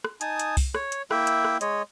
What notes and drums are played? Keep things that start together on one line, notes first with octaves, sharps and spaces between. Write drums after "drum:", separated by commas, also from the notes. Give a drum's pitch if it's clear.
drum: rim click
D#4 G#5 A5 D#6, drum: hi-hat
drum: hi-hat
drum: kick C2, open hi-hat
C#5, drum: rim click
drum: hi-hat
A#3 E4 E5 G5, drum: rim click
drum: hi-hat
drum: rim click
G#3 C#5 D#5, drum: hi-hat